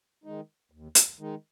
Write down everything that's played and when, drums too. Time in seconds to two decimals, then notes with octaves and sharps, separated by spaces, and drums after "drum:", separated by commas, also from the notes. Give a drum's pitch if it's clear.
0.24 D#3 G#3 D#4
0.71 D#2
0.95 drum: hi-hat
1.19 D#3 G#3 D#4